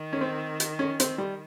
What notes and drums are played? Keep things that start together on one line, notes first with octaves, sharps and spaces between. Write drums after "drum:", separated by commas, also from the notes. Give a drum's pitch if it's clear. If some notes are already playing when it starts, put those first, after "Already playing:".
Already playing: D#3
C#4
C4
drum: hi-hat
C#4
C4, drum: hi-hat
G3